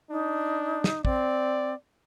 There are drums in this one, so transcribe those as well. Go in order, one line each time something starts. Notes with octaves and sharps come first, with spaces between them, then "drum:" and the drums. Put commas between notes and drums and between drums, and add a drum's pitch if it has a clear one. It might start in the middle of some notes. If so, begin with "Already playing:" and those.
D4 D#4
drum: snare
C4 D5, drum: kick